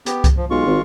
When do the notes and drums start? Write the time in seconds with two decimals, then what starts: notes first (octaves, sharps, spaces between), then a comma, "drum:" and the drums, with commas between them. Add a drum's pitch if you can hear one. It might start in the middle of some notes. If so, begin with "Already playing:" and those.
0.06 B3 G4, drum: hi-hat
0.24 drum: kick C2, hi-hat
0.37 F3
0.50 B1 G#3 F4 C#6
0.66 G#1